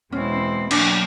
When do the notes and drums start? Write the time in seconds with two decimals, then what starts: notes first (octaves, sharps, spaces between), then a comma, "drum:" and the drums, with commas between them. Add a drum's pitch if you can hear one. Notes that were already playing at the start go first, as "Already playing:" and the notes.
0.12 E2 B2 G#3 C4 C#4 E4
0.71 B2 F#3 A#3 D4, drum: cymbal